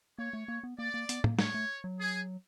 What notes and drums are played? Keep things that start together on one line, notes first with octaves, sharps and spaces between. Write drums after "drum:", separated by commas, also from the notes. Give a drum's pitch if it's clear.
A#3 C#5
A3
A#3
B3
A#3 D5
A#3
B3, drum: hi-hat
A#3, drum: tom
A3 C#5, drum: snare
A3
F#3
G#4